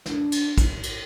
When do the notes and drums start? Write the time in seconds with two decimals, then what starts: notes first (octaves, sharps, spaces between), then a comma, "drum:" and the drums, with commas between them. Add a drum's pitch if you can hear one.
0.06 D4, drum: snare
0.32 drum: cymbal
0.58 drum: kick, cymbal
0.83 drum: cymbal